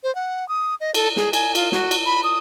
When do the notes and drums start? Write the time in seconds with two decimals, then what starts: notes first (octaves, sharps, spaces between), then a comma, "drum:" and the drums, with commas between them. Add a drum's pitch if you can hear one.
0.03 C5
0.15 F#5
0.48 D#6
0.80 D#5
0.94 A4, drum: cymbal
1.16 G#4, drum: snare
1.33 G#5, drum: cymbal
1.55 F4, drum: cymbal
1.72 F#4, drum: snare
1.91 drum: cymbal
2.06 B5
2.24 D#6